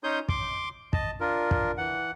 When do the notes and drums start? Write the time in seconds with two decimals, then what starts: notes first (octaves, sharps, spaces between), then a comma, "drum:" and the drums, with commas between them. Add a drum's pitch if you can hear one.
0.04 C#4 D#4 C#5 C6 D#6 G6
0.29 C6 D6, drum: kick
0.93 D#5 A5, drum: kick
1.20 D4 F4 A#4
1.51 drum: kick
1.77 E3 F#5